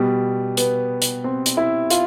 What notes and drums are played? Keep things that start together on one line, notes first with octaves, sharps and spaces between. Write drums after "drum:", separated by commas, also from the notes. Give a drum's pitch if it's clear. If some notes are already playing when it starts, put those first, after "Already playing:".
Already playing: B2 G3
B3, drum: hi-hat
drum: hi-hat
C4
drum: hi-hat
E4
F4, drum: hi-hat